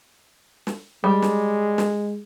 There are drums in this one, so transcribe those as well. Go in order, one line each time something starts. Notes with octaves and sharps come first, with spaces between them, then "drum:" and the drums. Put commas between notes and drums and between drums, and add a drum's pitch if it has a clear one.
drum: snare
G3 G#3
drum: snare
drum: snare